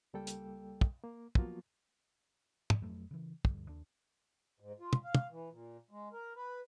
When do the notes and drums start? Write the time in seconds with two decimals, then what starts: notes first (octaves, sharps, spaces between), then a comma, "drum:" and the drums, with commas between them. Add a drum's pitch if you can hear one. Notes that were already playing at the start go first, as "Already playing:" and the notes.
0.14 C#2 G3 A#3 A4 G5
0.27 drum: hi-hat
0.81 drum: kick
1.04 A#3
1.35 F3 F#3 A#3 B3 F4 F#4, drum: kick
2.70 drum: tom
2.82 F2 F#3 A3
3.11 C#3 E3
3.45 D2 G2, drum: kick
3.68 D#2 D4
4.60 G#2
4.80 F4
4.93 drum: tom
5.04 F5
5.15 drum: tom
5.31 E3
5.51 A#2
5.91 G#3
6.13 A#4
6.36 B4